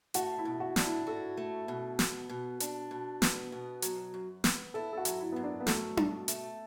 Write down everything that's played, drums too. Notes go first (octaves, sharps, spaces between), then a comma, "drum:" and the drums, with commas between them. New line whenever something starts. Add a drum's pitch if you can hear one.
A3 F#4, drum: hi-hat
E4
B2
F#4
D4, drum: snare
E4
F#4 A4
A3
B2
B3, drum: snare
B2
D4, drum: hi-hat
B2
B3, drum: snare
B2
F#3, drum: hi-hat
F#2
B3, drum: snare
E4 A4
A4
F#4
F#3, drum: hi-hat
E4
F#2 B3
D4
B3
F#3 A3, drum: snare
B2, drum: tom D4
A3, drum: hi-hat